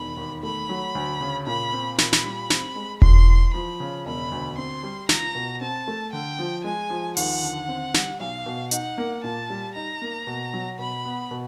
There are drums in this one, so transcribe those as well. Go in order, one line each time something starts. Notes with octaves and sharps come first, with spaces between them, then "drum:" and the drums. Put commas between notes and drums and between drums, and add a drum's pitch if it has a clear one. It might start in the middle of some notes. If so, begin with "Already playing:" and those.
Already playing: E1 D#3 B5
D#2
A3 B5
F#3
D2
C#3
A#2 B5
C4
A#2 B5, drum: snare
drum: snare
G3
C4, drum: snare
G#3
A2 C6, drum: kick E1
E3
F3 B5
C#3
E1 B5
D2
C4 C6
G3
C#2 A#5, drum: snare
B2
C4 A5
A3
D3 G5
F3
G#3 G#5
F3
D#2 F#5, drum: open hi-hat
D3
C4
G3, drum: snare
B1 F5
B2
D#4 F#5, drum: hi-hat
A#3
A#2 A5
G3
D#4 A#5
A#3
B2
F#3
B2 B5
B3
B2